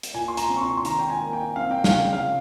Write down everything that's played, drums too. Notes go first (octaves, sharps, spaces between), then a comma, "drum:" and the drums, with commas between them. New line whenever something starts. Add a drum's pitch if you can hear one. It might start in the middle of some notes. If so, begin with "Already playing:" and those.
drum: hi-hat
A#2 G#5
C6
A#5, drum: hi-hat
C4
C#6
C6
C6
D#3 A#5, drum: hi-hat
G5
G#5
A#3
G5
C4 F5
G5
F5, drum: snare
C#3
G5
F5